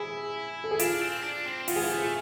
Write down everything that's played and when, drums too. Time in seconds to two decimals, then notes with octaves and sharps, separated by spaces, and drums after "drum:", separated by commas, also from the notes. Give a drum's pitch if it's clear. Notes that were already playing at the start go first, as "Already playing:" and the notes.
Already playing: E4 G#4
0.64 A4
0.71 G#4
0.79 D4 F4, drum: hi-hat
1.01 C4
1.23 D4
1.46 C4
1.68 B3 F4, drum: open hi-hat
1.76 G#4
1.84 F4
1.90 A3